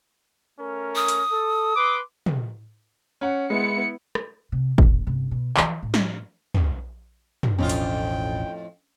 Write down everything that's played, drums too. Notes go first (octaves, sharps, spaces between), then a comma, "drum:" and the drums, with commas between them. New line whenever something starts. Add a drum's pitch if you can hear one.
A3 C#4 A#4
D#6
drum: hi-hat
A4
B4 C6 D6
drum: tom
C#4 F#5
G#3 B3 E4 C#7
drum: rim click
C3
D#1 A#2, drum: kick G#1
G1 C3
B2
E3 F3, drum: clap
A2
drum: snare
drum: tom
drum: tom
E1 A1 F2 A2 C#4 D4 F4 G5
drum: hi-hat